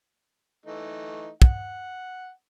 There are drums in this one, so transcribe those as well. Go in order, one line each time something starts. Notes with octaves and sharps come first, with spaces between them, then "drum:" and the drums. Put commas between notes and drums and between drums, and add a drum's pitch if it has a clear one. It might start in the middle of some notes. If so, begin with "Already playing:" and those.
E3 A3 D#4
F#5, drum: kick